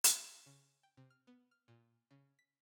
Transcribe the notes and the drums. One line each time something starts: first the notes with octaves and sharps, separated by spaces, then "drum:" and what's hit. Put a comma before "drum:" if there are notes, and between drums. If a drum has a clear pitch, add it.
drum: hi-hat
E6
C#3
G5
C3
F6
B3
F6
A#2
C#3
B6